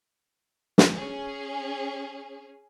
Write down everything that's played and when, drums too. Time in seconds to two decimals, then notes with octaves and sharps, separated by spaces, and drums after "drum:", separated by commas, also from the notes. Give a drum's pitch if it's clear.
0.78 drum: snare
0.95 C#4 G#4